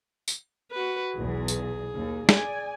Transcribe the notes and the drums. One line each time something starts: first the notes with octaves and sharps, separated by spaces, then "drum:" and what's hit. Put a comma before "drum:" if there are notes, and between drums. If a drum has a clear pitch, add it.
drum: tambourine
F#4 B4
B1 E2 G#4
drum: tambourine
D#2
D5 G#5, drum: snare